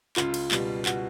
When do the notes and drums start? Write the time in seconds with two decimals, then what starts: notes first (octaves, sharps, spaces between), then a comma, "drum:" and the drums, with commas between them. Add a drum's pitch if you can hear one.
0.17 C#2 F4, drum: clap
0.34 drum: cymbal
0.51 B2 G3, drum: clap
0.86 F#4, drum: clap